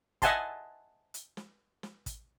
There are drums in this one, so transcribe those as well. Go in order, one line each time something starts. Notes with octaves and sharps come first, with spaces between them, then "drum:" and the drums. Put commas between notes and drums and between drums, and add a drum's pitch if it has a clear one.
D#5 E5 F#5 G#5 A5 C6, drum: kick, hi-hat
drum: hi-hat
drum: snare
drum: snare
drum: kick, hi-hat